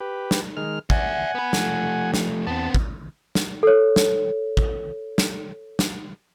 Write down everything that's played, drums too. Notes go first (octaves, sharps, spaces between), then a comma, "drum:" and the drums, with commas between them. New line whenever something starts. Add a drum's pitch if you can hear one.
G4 B4
drum: snare
D#3 G#3 F6
D5 E5 F#5 G#5, drum: kick
B3 B4
F3 A3, drum: snare
drum: snare
E2 B3 C4 A5
drum: kick
drum: snare
A4 C#5
drum: snare
drum: kick
drum: snare
drum: snare